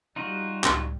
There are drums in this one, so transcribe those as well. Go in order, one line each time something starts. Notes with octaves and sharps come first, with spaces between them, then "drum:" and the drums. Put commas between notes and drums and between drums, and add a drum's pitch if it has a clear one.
G3 D#4 F4 F#4
C#2 A2, drum: clap